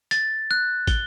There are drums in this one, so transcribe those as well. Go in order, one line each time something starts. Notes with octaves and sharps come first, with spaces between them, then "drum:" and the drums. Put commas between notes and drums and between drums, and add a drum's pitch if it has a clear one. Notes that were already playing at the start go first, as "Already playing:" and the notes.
A6, drum: hi-hat
F#6
G7, drum: kick, hi-hat